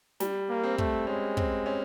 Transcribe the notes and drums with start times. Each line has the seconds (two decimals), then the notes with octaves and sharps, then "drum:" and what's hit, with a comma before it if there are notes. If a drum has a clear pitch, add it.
0.20 G3, drum: snare
0.49 A#3
0.64 C4
0.78 A3, drum: kick
1.07 G#3 C#4
1.37 C4, drum: kick
1.66 C#4